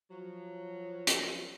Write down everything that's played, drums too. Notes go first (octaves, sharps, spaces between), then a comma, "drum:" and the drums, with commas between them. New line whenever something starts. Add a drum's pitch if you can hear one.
F3 F#3
drum: hi-hat